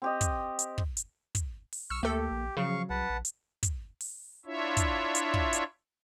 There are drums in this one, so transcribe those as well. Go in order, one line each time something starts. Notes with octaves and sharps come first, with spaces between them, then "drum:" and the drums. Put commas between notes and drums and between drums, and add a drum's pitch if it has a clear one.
C4 G4 D#5
drum: kick, hi-hat
drum: hi-hat
drum: kick
drum: hi-hat
drum: kick, hi-hat
drum: open hi-hat
B1 C#6 E6 F6
D2 A3 A#3 G4 A4
A#1
C#3 F3 F#3 F5 C#6
C2 B4 F#5 A5
A#1
drum: hi-hat
drum: kick, hi-hat
drum: open hi-hat
D4 E4 F4 C#5 E5
drum: kick, hi-hat
drum: hi-hat
drum: kick
drum: hi-hat